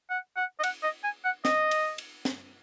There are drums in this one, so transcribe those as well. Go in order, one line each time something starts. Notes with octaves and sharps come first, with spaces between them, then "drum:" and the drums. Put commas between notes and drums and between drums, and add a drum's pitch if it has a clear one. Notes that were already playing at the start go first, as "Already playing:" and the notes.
F#5
F#5
D#5
F#5, drum: cymbal
D#5
G#5
F#5
D#5, drum: snare
drum: cymbal
drum: cymbal
drum: snare